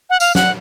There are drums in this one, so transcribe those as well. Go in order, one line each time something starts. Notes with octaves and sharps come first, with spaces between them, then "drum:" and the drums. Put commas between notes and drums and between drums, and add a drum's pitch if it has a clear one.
F#5
F5, drum: tambourine
F#5, drum: snare